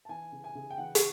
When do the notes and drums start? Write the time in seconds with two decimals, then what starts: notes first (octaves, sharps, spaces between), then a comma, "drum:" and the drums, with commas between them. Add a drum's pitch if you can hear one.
0.05 A5
0.09 E3 G#5
0.32 C#3
0.44 G#5
0.55 C#3
0.70 G5
0.78 E3 F#5
0.95 drum: hi-hat